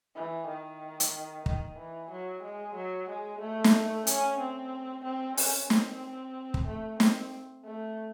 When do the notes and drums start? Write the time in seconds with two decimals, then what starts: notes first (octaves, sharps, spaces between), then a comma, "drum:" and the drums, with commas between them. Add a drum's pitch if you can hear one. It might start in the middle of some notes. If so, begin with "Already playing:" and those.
0.16 E3
0.47 D#3
1.00 drum: hi-hat
1.46 D#3, drum: kick
1.79 E3
2.11 F#3
2.43 G#3
2.76 F#3
3.09 G#3
3.41 A3
3.64 drum: snare
4.07 C#4, drum: hi-hat
4.39 C4
5.05 C4
5.37 C#4, drum: open hi-hat
5.70 C4, drum: snare
6.54 drum: kick
6.68 A3
7.00 C4, drum: snare
7.65 A3